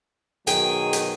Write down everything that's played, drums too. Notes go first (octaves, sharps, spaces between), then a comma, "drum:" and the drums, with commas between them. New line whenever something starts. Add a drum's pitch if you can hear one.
B2 D#3 F#3 G#4 G5, drum: hi-hat
drum: hi-hat